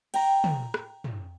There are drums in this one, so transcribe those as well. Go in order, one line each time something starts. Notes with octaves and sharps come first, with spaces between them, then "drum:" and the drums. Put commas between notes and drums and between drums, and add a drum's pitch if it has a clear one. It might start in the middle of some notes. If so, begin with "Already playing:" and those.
G5 A#5, drum: cymbal
drum: tom
drum: rim click
drum: tom